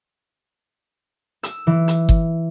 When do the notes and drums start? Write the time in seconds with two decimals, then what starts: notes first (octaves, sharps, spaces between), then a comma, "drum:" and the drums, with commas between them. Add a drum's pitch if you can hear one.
1.43 E6, drum: hi-hat
1.67 E3
1.88 drum: hi-hat
2.09 drum: kick G1